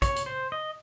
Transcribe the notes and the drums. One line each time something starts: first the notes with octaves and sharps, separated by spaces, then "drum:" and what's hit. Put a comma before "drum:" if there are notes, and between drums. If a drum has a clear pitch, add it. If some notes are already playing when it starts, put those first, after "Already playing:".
C#5, drum: kick, hi-hat
drum: hi-hat
C5
D#5